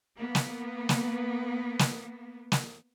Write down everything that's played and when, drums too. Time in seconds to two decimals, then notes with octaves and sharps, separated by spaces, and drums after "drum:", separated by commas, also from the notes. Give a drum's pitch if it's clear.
0.17 A#3 B3
0.35 drum: snare
0.89 drum: snare
1.79 drum: snare
2.52 drum: snare